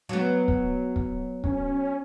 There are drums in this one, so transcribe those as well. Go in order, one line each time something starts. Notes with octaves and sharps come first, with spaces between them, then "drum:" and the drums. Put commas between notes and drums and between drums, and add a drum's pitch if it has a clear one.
F#3 B3
drum: kick
drum: kick
C#4, drum: kick